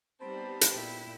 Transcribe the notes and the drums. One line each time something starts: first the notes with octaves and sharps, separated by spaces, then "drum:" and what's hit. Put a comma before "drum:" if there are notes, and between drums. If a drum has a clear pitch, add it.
G3 B3 C4 D#4 C5 A5 B5
drum: hi-hat
A#2 E4 G5